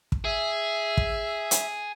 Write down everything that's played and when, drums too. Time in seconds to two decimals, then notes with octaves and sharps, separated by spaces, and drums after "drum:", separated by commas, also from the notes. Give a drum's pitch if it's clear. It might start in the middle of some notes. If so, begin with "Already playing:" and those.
0.12 drum: kick
0.24 G#4 E5
0.97 drum: kick
1.51 drum: hi-hat